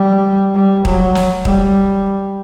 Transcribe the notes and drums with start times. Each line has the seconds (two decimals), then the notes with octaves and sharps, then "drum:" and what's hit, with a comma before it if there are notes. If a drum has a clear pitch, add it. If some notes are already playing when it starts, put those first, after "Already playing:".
Already playing: G3
0.55 G3
0.85 F#3, drum: kick D#1
1.15 drum: snare
1.45 G3, drum: kick D#1